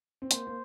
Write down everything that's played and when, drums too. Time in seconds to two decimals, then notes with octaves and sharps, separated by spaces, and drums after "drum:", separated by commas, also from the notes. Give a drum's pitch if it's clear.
0.22 C4
0.31 A#3 C5, drum: hi-hat
0.47 A#3